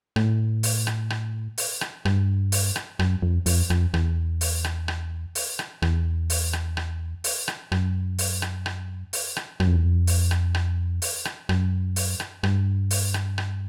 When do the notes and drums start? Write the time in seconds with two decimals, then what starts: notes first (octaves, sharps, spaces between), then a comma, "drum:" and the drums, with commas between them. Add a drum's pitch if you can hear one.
0.16 A2, drum: rim click
0.63 drum: open hi-hat
0.87 drum: rim click
1.10 drum: rim click
1.58 drum: open hi-hat
1.81 drum: rim click
2.05 G2, drum: rim click
2.52 drum: open hi-hat
2.76 drum: rim click
2.99 F#2, drum: rim click
3.22 F2
3.46 F2, drum: open hi-hat
3.70 F2, drum: rim click
3.94 E2, drum: rim click
4.41 drum: open hi-hat
4.64 drum: rim click
4.88 drum: rim click
5.35 drum: open hi-hat
5.59 drum: rim click
5.82 E2, drum: rim click
6.30 drum: open hi-hat
6.53 drum: rim click
6.77 drum: rim click
7.24 drum: open hi-hat
7.48 drum: rim click
7.72 F#2, drum: rim click
8.18 drum: open hi-hat
8.42 drum: rim click
8.66 drum: rim click
9.13 drum: open hi-hat
9.36 drum: rim click
9.60 F#2, drum: rim click
9.67 F2
9.76 E2
9.84 F2
10.07 drum: open hi-hat
10.31 drum: rim click
10.55 drum: rim click
11.02 drum: open hi-hat
11.25 drum: rim click
11.49 F#2, drum: rim click
11.96 drum: open hi-hat
12.20 drum: rim click
12.43 G2, drum: rim click
12.91 drum: open hi-hat
13.14 drum: rim click
13.38 drum: rim click